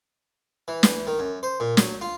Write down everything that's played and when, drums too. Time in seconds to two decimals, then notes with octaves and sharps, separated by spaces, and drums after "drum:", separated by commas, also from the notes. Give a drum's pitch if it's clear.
0.68 E3
0.83 drum: snare
1.07 D#3
1.19 F#2
1.43 C5
1.60 A#2
1.77 F#3, drum: snare
2.01 F4